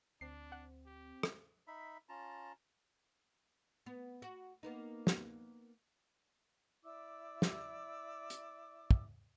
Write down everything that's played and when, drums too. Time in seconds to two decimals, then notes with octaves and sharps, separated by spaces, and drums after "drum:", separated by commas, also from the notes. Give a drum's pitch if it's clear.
0.21 D2 C4 D4 C7
0.52 F#5
0.86 G4
1.23 drum: rim click
1.67 D#4 E5 B5
2.09 C#4 F4 A5 A#5
3.86 B3
4.22 F#4
4.63 A#3 B3 D#4
5.07 drum: snare
6.83 E4 D5 D6 E6
7.42 drum: snare
8.30 drum: hi-hat
8.91 drum: kick